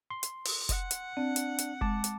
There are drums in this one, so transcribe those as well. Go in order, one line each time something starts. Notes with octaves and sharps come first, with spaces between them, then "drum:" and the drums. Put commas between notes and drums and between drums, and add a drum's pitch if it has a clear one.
C6
drum: hi-hat
drum: open hi-hat
F#5, drum: kick F1, hi-hat
drum: hi-hat
C4 D4
drum: hi-hat
drum: hi-hat
G#3 A5 D6, drum: kick F1
drum: hi-hat